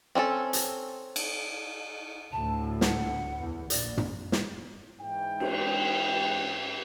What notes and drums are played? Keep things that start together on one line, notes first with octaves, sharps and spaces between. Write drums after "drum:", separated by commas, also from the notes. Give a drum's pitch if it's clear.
C4 C#4 E4 A4
drum: hi-hat
drum: cymbal
D2 A2 A5
F#5, drum: snare
E2
A#1 D5, drum: hi-hat
drum: tom
drum: snare
G#2 E3 G5
drum: cymbal